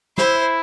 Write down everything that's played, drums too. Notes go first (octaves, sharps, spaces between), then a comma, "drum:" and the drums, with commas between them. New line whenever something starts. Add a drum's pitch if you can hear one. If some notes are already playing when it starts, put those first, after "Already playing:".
E4 C5, drum: snare